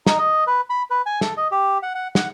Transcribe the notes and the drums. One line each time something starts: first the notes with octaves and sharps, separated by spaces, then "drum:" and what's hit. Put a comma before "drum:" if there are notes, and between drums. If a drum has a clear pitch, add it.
D#4, drum: snare
D#5
B4
B5
B4
G#5
A4, drum: snare
D#5
G4
F#5
F#5
F#5, drum: snare